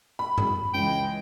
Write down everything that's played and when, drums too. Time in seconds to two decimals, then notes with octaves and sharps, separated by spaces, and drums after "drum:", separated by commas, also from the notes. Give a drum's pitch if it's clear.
0.19 B5
0.38 drum: tom F#2
0.74 C#2 E3 G#3 G5